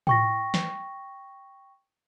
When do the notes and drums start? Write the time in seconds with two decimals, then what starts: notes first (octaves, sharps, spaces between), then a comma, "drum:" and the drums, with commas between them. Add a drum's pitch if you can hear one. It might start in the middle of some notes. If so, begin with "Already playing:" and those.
0.07 G5 C#6 A#6, drum: tom A2
0.54 drum: snare